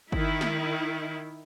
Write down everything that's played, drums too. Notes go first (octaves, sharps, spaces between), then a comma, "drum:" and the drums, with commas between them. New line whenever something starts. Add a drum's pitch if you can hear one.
D#3 E4, drum: kick G1
drum: snare